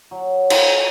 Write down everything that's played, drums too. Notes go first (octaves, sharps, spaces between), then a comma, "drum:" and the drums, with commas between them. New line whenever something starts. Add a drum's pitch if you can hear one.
F#3
F4 G#4, drum: cymbal